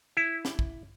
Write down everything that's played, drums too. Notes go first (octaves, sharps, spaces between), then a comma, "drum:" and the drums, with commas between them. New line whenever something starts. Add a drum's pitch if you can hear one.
E4
drum: snare
drum: kick